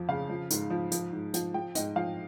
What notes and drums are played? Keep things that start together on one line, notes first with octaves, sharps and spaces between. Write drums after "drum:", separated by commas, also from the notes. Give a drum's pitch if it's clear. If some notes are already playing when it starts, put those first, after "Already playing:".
Already playing: F2 F3
C#3 F5
F3
G#2, drum: hi-hat
F3
F3, drum: hi-hat
G#2
F3, drum: hi-hat
F3 G5
G#2 D#5, drum: hi-hat
F3 F5